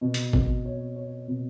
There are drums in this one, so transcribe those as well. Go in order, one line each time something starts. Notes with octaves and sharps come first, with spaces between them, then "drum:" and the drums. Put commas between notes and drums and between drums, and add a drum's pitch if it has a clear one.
B2
drum: hi-hat
B2, drum: kick G#1
C#5
C#5
B2